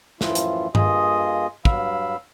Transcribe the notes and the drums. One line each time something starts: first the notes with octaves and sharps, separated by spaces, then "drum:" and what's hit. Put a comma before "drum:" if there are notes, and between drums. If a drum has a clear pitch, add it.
F#2 A2 E3 F3 E4 F4, drum: snare
drum: hi-hat
G2 A#3 F4 G#4 D#5 D#6, drum: tom G2
G2 F#3 F5 B5 E6, drum: kick